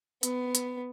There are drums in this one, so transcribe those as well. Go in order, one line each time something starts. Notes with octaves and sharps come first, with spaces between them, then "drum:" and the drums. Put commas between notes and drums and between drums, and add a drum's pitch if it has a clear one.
B3, drum: hi-hat
drum: hi-hat